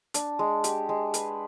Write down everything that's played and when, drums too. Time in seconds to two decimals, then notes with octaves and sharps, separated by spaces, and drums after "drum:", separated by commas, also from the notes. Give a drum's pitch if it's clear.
0.14 D4, drum: hi-hat
0.39 G#3
0.64 G4, drum: hi-hat
0.89 G#3
1.14 B4, drum: hi-hat